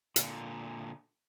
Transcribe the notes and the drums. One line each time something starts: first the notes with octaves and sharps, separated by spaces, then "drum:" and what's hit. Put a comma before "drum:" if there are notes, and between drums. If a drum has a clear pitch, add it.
A#2 D3, drum: hi-hat